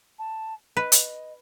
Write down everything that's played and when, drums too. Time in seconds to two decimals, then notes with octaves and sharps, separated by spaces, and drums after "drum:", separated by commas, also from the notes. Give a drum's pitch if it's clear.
0.19 A5
0.77 B4 D#5
0.92 drum: hi-hat